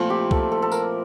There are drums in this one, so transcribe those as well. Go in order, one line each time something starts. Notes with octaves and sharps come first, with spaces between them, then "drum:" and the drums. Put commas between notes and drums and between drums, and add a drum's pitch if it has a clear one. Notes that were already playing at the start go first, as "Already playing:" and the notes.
Already playing: A#2 F3 A3 C4 E4 F4
G4
A4, drum: kick C2
A4
A4
A#4, drum: tambourine